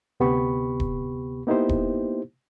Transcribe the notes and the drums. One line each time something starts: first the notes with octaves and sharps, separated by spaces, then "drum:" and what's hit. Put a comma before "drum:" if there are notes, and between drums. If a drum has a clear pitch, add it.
D2 C3 B3 G4 B5 C#6
drum: kick D#1
A#3 B3 D#4 E4 G4 C5
drum: kick D#1